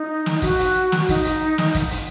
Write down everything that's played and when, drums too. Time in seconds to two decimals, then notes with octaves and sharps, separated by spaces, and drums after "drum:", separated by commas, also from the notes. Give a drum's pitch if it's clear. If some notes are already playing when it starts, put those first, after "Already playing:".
Already playing: D#4
0.26 drum: snare
0.42 F#4, drum: kick, hi-hat
0.59 drum: hi-hat
0.92 drum: snare
1.09 D#4, drum: kick, hi-hat
1.25 drum: hi-hat
1.58 drum: snare
1.75 drum: kick, hi-hat
1.91 drum: hi-hat